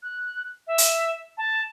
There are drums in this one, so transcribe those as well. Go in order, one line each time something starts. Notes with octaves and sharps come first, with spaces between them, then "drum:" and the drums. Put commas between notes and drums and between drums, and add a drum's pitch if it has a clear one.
F#6
E5
drum: hi-hat
A5